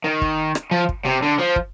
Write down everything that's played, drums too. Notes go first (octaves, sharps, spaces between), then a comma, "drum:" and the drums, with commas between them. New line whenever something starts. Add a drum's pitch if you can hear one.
D#3
drum: kick
drum: rim click
F3
drum: kick
C3
D3
F3
drum: kick